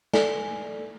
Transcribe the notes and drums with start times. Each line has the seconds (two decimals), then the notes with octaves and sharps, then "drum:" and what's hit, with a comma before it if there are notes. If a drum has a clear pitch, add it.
0.13 A4 D5 G#5, drum: snare